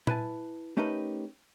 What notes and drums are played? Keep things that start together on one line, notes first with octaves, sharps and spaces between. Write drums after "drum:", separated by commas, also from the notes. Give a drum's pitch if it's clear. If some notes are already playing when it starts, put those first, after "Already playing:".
E4 B4 G#5 A5, drum: tom A#2
A3 C#4 D#4 G4 A#4 B4